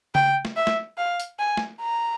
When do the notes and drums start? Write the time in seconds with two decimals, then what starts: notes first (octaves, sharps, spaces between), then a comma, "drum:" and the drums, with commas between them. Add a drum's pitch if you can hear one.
0.15 G5, drum: tom C#3
0.45 drum: snare
0.57 E5
0.67 drum: snare
0.98 F5
1.20 drum: hi-hat
1.39 G#5
1.57 drum: snare
1.81 A#5